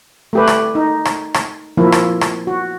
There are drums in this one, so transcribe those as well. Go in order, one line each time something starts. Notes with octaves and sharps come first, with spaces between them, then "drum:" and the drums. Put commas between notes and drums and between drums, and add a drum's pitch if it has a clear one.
A3 G4 B4
drum: rim click
D#4
drum: rim click
drum: rim click
F3 A#3 E4
drum: rim click
drum: rim click
F#4